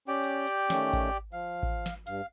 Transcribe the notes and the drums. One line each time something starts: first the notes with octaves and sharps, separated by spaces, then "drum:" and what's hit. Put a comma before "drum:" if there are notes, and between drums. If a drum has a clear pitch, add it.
C#4 G4 D5 G5
drum: hi-hat
drum: hi-hat
D#3 A3 C#4, drum: snare
drum: kick A1, hi-hat
F3 F5
drum: kick A1
drum: snare
G2 F5, drum: hi-hat